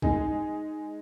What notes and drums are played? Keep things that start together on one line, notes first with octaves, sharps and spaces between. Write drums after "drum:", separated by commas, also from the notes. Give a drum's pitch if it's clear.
G#3 D#4 G#4, drum: kick B1